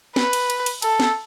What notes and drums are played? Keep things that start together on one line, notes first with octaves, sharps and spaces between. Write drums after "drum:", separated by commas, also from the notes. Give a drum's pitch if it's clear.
B4, drum: snare
drum: cymbal
drum: cymbal
drum: cymbal
A4, drum: cymbal
drum: snare